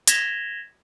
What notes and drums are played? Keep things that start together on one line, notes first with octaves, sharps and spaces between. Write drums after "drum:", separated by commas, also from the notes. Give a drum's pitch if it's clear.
G#6 A#6 B6 E7 F7 G7, drum: hi-hat